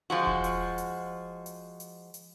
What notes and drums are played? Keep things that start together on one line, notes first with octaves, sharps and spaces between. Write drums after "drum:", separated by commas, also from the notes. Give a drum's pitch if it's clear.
F3 G#3 F#4
drum: kick E1
drum: hi-hat
drum: hi-hat
drum: hi-hat
drum: hi-hat
drum: hi-hat